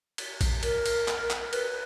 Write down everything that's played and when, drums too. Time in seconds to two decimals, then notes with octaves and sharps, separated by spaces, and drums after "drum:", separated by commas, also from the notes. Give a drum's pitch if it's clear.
0.18 drum: cymbal
0.41 drum: kick A#1, cymbal
0.63 A#4, drum: cymbal
0.86 drum: cymbal
1.08 drum: clap
1.30 drum: clap
1.53 B4, drum: cymbal